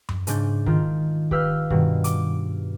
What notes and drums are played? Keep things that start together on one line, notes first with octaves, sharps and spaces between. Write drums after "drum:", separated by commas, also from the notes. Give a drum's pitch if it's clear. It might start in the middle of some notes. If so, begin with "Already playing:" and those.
drum: tom F#2
G#2 C#3 D4 G6, drum: hi-hat
D#3 F4 G6, drum: kick C#1
G4 B4 F5 E6 F6 G6, drum: kick C#1
G2 B2 D#3, drum: kick C#1
D6, drum: hi-hat